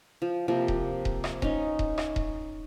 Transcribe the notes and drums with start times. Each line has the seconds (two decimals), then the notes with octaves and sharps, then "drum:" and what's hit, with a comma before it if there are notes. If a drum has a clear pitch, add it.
0.22 F3
0.48 C3 F3 A#3
0.68 drum: kick D#1
1.05 drum: kick D#1
1.24 drum: rim click
1.42 C#4 D#4, drum: kick D#1
1.79 drum: kick D#1
1.98 drum: rim click
2.16 drum: kick D#1